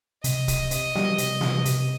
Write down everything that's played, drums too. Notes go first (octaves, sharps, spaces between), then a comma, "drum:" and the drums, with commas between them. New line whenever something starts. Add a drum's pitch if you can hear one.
C3 D#5, drum: hi-hat
C3, drum: kick, hi-hat
C3, drum: hi-hat
G3, drum: snare
C3, drum: hi-hat
C3, drum: snare
C3, drum: hi-hat